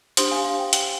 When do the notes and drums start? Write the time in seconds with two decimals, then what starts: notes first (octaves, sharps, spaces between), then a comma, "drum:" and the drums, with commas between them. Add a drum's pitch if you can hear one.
0.17 D4 G4 C5 C6 D#6, drum: hi-hat
0.31 F5 G#5
0.45 F5
0.59 G5
0.73 G5, drum: hi-hat